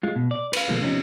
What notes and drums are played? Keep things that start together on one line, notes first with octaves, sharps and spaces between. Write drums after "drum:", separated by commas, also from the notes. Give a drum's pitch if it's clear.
G#3 F4
B2
D5
B4 F5, drum: cymbal
B2 D3 F3 G#3 A#3
E2 C3 F3 C4 C#4 D#4